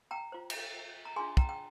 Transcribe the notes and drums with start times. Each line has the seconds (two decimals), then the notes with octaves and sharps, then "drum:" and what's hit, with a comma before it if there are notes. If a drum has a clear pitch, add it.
0.11 G5 A#5
0.32 F4 C5
0.50 drum: cymbal
1.05 A#5
1.16 D4 F4 G#4 G#5 C6
1.37 G5 A#5, drum: kick
1.49 G5